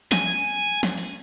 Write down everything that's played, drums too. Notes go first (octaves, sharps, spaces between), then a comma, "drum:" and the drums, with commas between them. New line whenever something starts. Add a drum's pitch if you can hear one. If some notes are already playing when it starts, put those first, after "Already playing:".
G#5, drum: snare
drum: snare
drum: open hi-hat